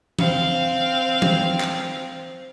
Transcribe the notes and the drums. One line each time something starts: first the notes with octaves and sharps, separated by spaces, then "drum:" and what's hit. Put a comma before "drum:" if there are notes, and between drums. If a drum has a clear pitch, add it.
C4 F5, drum: tom E3
drum: tom E3
drum: clap